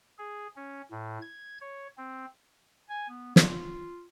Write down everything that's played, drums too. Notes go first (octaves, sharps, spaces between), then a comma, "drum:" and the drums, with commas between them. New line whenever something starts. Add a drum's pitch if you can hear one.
G#4
C#4
A2
G#6
C#5
C4
G#5
B3
F4, drum: snare